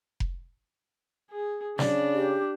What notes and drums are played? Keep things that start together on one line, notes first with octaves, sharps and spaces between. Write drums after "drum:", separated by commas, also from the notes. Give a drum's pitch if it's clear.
drum: kick F1
G#4
C#3 D4 D5, drum: snare
G4